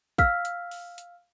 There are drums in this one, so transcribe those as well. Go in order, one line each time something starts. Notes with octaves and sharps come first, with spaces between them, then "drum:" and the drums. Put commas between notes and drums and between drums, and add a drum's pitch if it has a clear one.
F5 E6 F6 B6, drum: kick, hi-hat
drum: hi-hat
drum: open hi-hat
drum: hi-hat